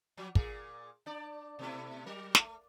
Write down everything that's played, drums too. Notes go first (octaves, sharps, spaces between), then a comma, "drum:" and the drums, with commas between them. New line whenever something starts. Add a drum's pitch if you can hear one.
F3 F#3
A#2 G#4 A#4, drum: kick
D4 D5
B2 A3 E4
F#3 A#4
A3, drum: snare